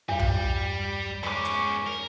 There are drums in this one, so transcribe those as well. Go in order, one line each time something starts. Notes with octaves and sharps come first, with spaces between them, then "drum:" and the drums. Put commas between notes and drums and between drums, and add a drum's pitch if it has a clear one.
E2 G2 G3
drum: tom B1
G#2 C#4 C#6 D6
drum: hi-hat
A#4